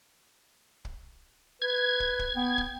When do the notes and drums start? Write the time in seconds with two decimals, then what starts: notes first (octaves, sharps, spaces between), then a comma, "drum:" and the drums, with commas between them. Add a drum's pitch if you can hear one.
0.85 drum: kick
1.62 B4 G#6
2.00 drum: kick
2.19 drum: kick
2.36 B3 G5
2.58 drum: kick